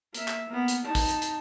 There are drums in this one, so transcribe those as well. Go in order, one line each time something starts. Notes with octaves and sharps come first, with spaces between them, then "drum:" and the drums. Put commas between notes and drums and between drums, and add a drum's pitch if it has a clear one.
A#3 E5, drum: hi-hat
drum: clap
A#3 B3
drum: hi-hat
D#4 A5
drum: kick, open hi-hat
drum: hi-hat
drum: hi-hat